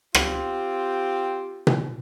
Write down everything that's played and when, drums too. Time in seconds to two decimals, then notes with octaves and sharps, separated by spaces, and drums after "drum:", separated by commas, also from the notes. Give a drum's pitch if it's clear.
0.14 C4 F4 G4, drum: rim click
1.67 drum: tom B2